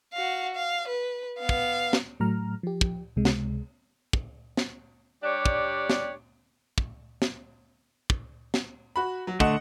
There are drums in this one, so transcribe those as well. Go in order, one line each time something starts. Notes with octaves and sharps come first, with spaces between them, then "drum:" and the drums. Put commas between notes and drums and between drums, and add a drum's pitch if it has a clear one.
F#4 F5
F5
B4
B3 F5
drum: kick
drum: snare
A2 F#3 A3 A#5 F6
F3 G4
drum: kick
C#2 C3 G#3
drum: snare
drum: kick
drum: snare
G3 D4 G4 C#5 D5
drum: kick
drum: snare
drum: kick
drum: snare
drum: kick
drum: snare
F#4 B5
F#3
D3 A3 D#5 F#5, drum: kick